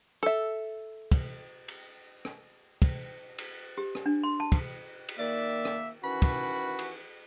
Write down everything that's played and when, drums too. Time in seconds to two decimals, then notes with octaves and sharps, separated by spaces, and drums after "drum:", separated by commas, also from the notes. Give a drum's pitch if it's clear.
0.23 A4 E5
1.12 drum: kick, cymbal
1.68 drum: cymbal
2.25 drum: rim click
2.82 drum: kick, cymbal
3.38 drum: cymbal
3.78 G4
3.95 drum: rim click
4.06 D4
4.23 C6
4.40 A5
4.52 drum: kick, cymbal
5.09 drum: cymbal
5.19 D#3 A#3 D5 E5
5.65 drum: rim click
6.04 D#3 E3 C#4 F#4 B5
6.22 drum: kick, cymbal
6.79 drum: cymbal